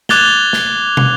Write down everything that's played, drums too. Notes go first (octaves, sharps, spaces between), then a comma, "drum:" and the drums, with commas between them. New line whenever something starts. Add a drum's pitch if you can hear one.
D6 F#6 G#6 A6 F7 G7, drum: snare
drum: snare
drum: tom